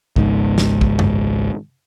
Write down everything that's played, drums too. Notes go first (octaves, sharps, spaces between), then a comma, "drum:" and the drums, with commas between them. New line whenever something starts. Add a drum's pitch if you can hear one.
G#1 C#2 G#2, drum: kick
drum: snare
drum: kick
drum: tom F#2